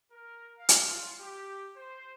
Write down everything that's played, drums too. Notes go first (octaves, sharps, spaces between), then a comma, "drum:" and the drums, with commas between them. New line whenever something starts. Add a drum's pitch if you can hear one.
A#4
F5
drum: hi-hat
F4
G4
C5